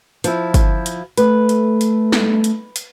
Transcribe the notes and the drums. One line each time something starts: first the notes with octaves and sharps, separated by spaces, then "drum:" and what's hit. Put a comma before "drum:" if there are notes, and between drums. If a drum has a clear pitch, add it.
F3 E4, drum: hi-hat
drum: kick G1, hi-hat
drum: hi-hat
A3 B4, drum: hi-hat
drum: hi-hat
drum: hi-hat
drum: snare
drum: hi-hat
drum: hi-hat